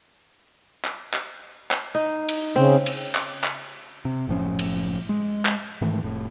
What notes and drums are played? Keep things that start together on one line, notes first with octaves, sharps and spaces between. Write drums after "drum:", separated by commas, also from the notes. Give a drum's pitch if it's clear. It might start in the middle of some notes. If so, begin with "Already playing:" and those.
drum: clap
drum: clap
drum: clap
D#4
drum: cymbal
C#3 C4
drum: cymbal
drum: clap
drum: clap
C3
F#1 A2 F3 C#4
drum: cymbal
G#3
drum: clap
G#2 D#3 E3 A3
F1 A2